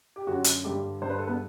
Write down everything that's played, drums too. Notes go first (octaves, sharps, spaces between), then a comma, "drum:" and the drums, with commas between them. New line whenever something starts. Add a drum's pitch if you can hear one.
G4
F#2 D3 F#3 F#4
drum: hi-hat
G2 D3 G3 G4
G2 D3 C5
B4
A4
B3 B4